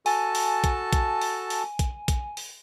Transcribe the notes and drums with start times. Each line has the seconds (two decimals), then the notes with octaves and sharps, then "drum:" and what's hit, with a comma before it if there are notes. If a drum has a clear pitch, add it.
0.06 F#4 A4 G#5 A5, drum: open hi-hat
0.35 drum: open hi-hat
0.64 drum: kick A#1, hi-hat
0.93 drum: kick A#1, hi-hat
1.21 drum: open hi-hat
1.50 drum: open hi-hat
1.79 drum: kick A#1, hi-hat
2.08 drum: kick A#1, hi-hat
2.37 drum: open hi-hat